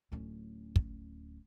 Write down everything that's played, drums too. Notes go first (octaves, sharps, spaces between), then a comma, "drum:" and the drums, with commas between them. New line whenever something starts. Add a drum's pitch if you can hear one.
D1 C#4
drum: kick